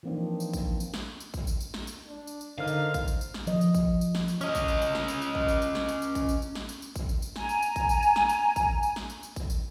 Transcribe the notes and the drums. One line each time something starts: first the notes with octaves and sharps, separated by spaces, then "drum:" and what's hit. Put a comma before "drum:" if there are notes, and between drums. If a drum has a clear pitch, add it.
E3 F3 A#3 C4 D4 D#4
drum: tambourine
drum: kick A1, tambourine
drum: tambourine
drum: snare
drum: tambourine
drum: kick A1, tambourine
drum: tambourine
drum: tambourine
drum: snare
drum: tambourine
D4
drum: tambourine
drum: tambourine
D3 D#4 A#4 C5 F5 F6
drum: tambourine
drum: kick A1, tambourine
drum: tambourine
drum: tambourine
drum: snare
F3 D#5, drum: tambourine
drum: tambourine
drum: kick A1, tambourine
drum: tambourine
drum: snare
drum: tambourine
C#4 D#5, drum: tambourine
drum: kick A1, tambourine
drum: tambourine
drum: tambourine
drum: snare
drum: tambourine
drum: tambourine
drum: kick A1
drum: tambourine
drum: tambourine
drum: snare
drum: tambourine
drum: tambourine
drum: kick A1, tambourine
drum: tambourine
drum: tambourine
drum: snare
drum: tambourine
drum: tambourine
drum: kick A1, tambourine
drum: tambourine
drum: tambourine
G#5 A#5, drum: snare
drum: tambourine
drum: tambourine
drum: kick A1, tambourine
drum: tambourine
drum: tambourine
drum: snare
drum: tambourine
drum: kick A1, tambourine
drum: tambourine
drum: snare
drum: tambourine
drum: tambourine
drum: kick A1, tambourine
drum: tambourine